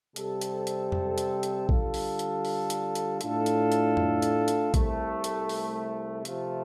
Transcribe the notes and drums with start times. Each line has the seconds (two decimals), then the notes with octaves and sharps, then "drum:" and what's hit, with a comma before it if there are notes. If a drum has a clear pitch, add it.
0.16 C3 G3 C4 A4, drum: hi-hat
0.41 drum: hi-hat
0.67 drum: hi-hat
0.92 drum: tom F2
1.18 drum: hi-hat
1.43 drum: hi-hat
1.69 D3 G3 F4 A4, drum: kick A#1
1.94 drum: open hi-hat
2.19 drum: hi-hat
2.45 drum: open hi-hat
2.70 drum: hi-hat
2.95 drum: hi-hat
3.21 A2 A3 D4 F4 A4, drum: hi-hat
3.46 drum: hi-hat
3.72 drum: hi-hat
3.97 drum: tom F2
4.22 drum: hi-hat
4.48 drum: hi-hat
4.74 C2 C3 A3, drum: kick A#1, hi-hat
5.24 drum: hi-hat
5.49 drum: open hi-hat
6.25 C3 F3 A3 F4 A4, drum: hi-hat